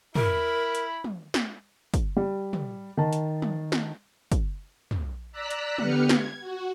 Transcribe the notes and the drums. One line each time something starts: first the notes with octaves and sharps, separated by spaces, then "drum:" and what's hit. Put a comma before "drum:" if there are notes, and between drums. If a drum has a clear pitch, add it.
E4 A#4 B5, drum: tom
drum: hi-hat
drum: tom
drum: snare
drum: kick, hi-hat
G3
drum: tom
D#3 A5
drum: hi-hat
drum: tom
drum: snare
drum: kick, hi-hat
drum: tom
D5 A#5 E6 F#6 B6
drum: hi-hat
D3 B3 G4 B4 F6 C#7, drum: tom
G#6, drum: snare
F#4